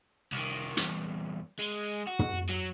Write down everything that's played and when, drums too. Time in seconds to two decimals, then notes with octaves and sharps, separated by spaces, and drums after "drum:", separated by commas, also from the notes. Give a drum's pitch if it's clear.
0.32 C2 D#3
0.77 E2 G2, drum: hi-hat
1.59 G#3
2.07 F#4
2.19 drum: tom
2.49 F#3